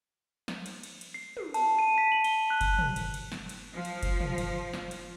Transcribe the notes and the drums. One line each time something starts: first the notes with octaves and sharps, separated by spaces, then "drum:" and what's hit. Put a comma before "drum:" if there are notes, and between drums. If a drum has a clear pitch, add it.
drum: snare
drum: cymbal
drum: cymbal
drum: cymbal
C7
drum: tom
A5, drum: cymbal
D#7
B6
F#7
G7, drum: cymbal
F#6
drum: kick F#1, cymbal
drum: tom
drum: cymbal
drum: cymbal
drum: snare
drum: cymbal
F3
drum: cymbal
drum: kick F#1, cymbal
drum: tom
drum: cymbal
drum: snare
drum: cymbal